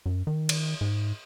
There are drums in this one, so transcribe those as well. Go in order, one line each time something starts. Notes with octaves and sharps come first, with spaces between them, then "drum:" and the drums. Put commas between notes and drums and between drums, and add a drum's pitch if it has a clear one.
F#2
D#3
drum: cymbal
G#2